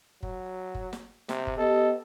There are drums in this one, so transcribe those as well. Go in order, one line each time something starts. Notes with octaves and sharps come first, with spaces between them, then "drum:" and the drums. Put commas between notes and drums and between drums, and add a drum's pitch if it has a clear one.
F#3, drum: kick
drum: kick
drum: snare
C3, drum: snare
drum: kick
B3 G4 A4 D#5